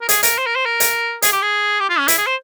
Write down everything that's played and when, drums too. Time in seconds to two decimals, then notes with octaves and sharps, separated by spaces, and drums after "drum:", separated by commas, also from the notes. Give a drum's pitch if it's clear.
0.01 A#4
0.09 G#4, drum: hi-hat
0.23 A#4, drum: hi-hat
0.38 C5
0.46 A#4
0.55 C5
0.66 A#4
0.80 drum: hi-hat
1.22 G#4, drum: hi-hat
1.32 G4
1.42 G#4
1.80 G4
1.89 F4
1.99 C#4
2.08 E4, drum: hi-hat
2.18 G#4
2.27 C5